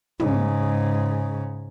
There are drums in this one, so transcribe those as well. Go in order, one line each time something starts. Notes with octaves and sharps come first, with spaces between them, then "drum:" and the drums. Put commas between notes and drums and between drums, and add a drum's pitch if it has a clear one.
G#2 C#3, drum: tom